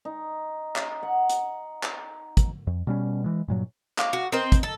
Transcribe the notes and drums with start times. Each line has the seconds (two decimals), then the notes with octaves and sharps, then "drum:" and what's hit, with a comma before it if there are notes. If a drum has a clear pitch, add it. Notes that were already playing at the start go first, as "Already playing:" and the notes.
0.05 D#4
0.76 drum: clap
1.03 F#5
1.30 drum: hi-hat
1.83 drum: clap
2.37 drum: kick, hi-hat
2.67 F2
2.87 B2 G3 C#4
3.24 E3 G#3
3.48 G2 A#2 F#3
3.98 F5 C#6 D6, drum: clap
4.13 F#4
4.32 C4 A#4 C5 D#5
4.52 drum: kick, hi-hat
4.63 A4